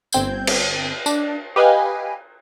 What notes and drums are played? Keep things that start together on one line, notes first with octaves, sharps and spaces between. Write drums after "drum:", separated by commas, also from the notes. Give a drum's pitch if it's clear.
G1 C4 G6 G#6, drum: tambourine
drum: cymbal
D4, drum: tambourine
G4 B4 D#5 F5 G#5